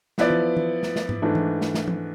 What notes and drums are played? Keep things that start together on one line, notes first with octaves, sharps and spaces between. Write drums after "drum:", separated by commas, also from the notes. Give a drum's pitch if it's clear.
F3 B3 E4 B4 D5, drum: snare
drum: tom E3
drum: tom E3
drum: snare
drum: snare
drum: tom G#2
G#2 E3 A3 D4
drum: tom E3
drum: snare
drum: snare
drum: tom